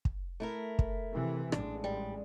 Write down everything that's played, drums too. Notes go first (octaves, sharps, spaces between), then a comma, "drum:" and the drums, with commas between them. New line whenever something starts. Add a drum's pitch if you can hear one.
drum: kick
A3 E4 A#4
drum: kick
C3 E3
A1 G#3 D4, drum: rim click
G3